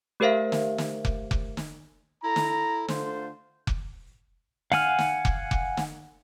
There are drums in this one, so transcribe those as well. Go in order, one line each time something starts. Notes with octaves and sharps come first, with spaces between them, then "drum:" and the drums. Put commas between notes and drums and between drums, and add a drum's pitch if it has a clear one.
A3 G4 A#4 C5 E5 F5
drum: snare
drum: snare
drum: kick F1
drum: kick F1
drum: snare
E4 A4 A#5
drum: snare
D3 A3 F4 C5, drum: snare
drum: kick F1
F5 F#5 G#5 F6, drum: snare
drum: snare
drum: kick F1
drum: kick F1
drum: snare